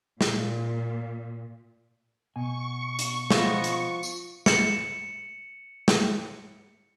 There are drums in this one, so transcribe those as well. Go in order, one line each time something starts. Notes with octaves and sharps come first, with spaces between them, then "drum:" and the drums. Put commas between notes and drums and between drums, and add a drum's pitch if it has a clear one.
A#2, drum: snare
B2 G#5 C#6
drum: hi-hat
F3 B3 D#5, drum: snare
drum: hi-hat
drum: tambourine
C#7 E7 F#7, drum: snare
drum: snare